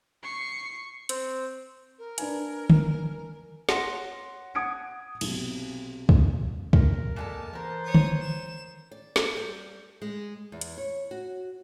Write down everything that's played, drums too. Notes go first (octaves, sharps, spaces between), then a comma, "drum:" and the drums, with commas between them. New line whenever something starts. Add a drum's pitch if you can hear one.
C#6 C7
C4, drum: hi-hat
A#4
D4 B4 G#5, drum: hi-hat
drum: tom
C#5 F#5 C6 A#6, drum: snare
F#5 D#6 G#6 C#7 D7
B1 C3, drum: cymbal
drum: kick
A#4, drum: kick
A#2 G#3 A4 A5
E3 B3 A#4 C5
C#5 D#6
drum: tom
E7
D5
A4, drum: snare
G3
G#3
E2
drum: hi-hat
C#5
F#4